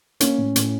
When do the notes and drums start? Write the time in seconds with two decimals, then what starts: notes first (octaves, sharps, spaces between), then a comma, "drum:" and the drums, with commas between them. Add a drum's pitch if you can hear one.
0.20 A#3 C#4, drum: hi-hat
0.38 A2
0.56 A2, drum: hi-hat